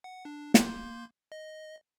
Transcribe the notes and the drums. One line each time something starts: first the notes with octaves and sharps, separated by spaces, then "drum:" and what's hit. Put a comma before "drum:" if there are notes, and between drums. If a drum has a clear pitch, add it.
F#5
D4
A#3 C6 G6, drum: snare
D#5